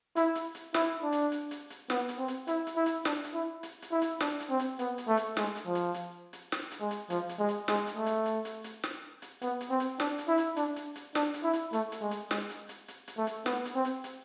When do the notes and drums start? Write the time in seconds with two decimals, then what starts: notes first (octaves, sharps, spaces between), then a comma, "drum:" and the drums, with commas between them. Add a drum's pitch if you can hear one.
0.16 E4, drum: hi-hat
0.35 drum: hi-hat
0.55 drum: hi-hat
0.74 E4, drum: snare
1.03 D4
1.12 drum: hi-hat
1.32 drum: hi-hat
1.51 drum: hi-hat
1.70 drum: hi-hat
1.90 B3, drum: snare
2.09 drum: hi-hat
2.18 C4
2.28 drum: hi-hat
2.47 E4, drum: hi-hat
2.67 drum: hi-hat
2.76 E4
2.86 drum: hi-hat
3.05 D4, drum: snare
3.24 drum: hi-hat
3.34 E4
3.63 drum: hi-hat
3.82 drum: hi-hat
3.92 E4
4.02 drum: hi-hat
4.20 D4, drum: snare
4.40 drum: hi-hat
4.50 C4
4.59 drum: hi-hat
4.79 B3, drum: hi-hat
4.98 drum: hi-hat
5.08 A3
5.17 drum: hi-hat
5.37 G#3, drum: snare
5.56 drum: hi-hat
5.66 F3
5.75 drum: hi-hat
5.94 drum: hi-hat
6.33 drum: hi-hat
6.52 drum: snare
6.71 drum: hi-hat
6.81 G#3
6.91 drum: hi-hat
7.10 F3, drum: hi-hat
7.29 drum: hi-hat
7.39 G#3
7.49 drum: hi-hat
7.68 G#3, drum: snare
7.87 drum: hi-hat
7.97 A3
8.06 drum: hi-hat
8.26 drum: hi-hat
8.45 drum: hi-hat
8.64 drum: hi-hat
8.83 drum: snare
9.22 drum: hi-hat
9.42 B3, drum: hi-hat
9.61 drum: hi-hat
9.70 C4
9.80 drum: hi-hat
10.00 D4, drum: snare
10.18 drum: hi-hat
10.28 E4
10.38 drum: hi-hat
10.57 D4, drum: hi-hat
10.76 drum: hi-hat
10.96 drum: hi-hat
11.15 D4, drum: snare
11.34 drum: hi-hat
11.44 E4
11.53 drum: hi-hat
11.73 A3, drum: hi-hat
11.92 drum: hi-hat
12.02 G#3
12.11 drum: hi-hat
12.31 G#3, drum: snare
12.50 drum: hi-hat
12.69 drum: hi-hat
12.88 drum: hi-hat
13.08 drum: hi-hat
13.18 A3
13.27 drum: hi-hat
13.46 B3, drum: snare
13.65 drum: hi-hat
13.75 C4
13.85 drum: hi-hat
14.04 drum: hi-hat